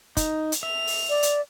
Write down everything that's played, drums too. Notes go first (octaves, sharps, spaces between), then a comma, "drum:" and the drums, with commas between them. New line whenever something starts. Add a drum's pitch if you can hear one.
D#4, drum: kick, hi-hat
drum: hi-hat
E5 F7
drum: open hi-hat
D5
drum: hi-hat